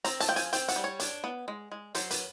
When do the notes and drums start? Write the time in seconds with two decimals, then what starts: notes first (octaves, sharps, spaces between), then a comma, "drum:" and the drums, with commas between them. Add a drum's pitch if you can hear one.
0.04 C4 A#5, drum: hi-hat
0.20 A5, drum: hi-hat
0.28 F3 G5
0.36 G#5, drum: hi-hat
0.53 C4 G5, drum: hi-hat
0.68 F#5, drum: hi-hat
0.76 G3
0.84 C#5
1.00 D4, drum: hi-hat
1.24 B3
1.48 G#3
1.72 G#3
1.95 F#3 C5, drum: hi-hat
2.11 B4, drum: hi-hat